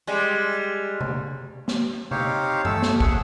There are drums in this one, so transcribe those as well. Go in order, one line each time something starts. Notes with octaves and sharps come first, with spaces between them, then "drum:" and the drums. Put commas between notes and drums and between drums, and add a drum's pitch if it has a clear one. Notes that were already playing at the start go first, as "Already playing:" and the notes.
G3 G#3
drum: tom C3
drum: snare
C4 D#4 G4 C5 C#5 F5, drum: tom C3
A3 A4 E6, drum: tom G2
drum: snare
A3 G#4 F#5, drum: kick